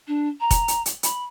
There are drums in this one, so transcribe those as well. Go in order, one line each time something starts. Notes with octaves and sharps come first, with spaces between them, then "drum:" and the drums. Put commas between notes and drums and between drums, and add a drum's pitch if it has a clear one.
D4
A#5
drum: kick F1, hi-hat
drum: hi-hat
drum: hi-hat
B5, drum: hi-hat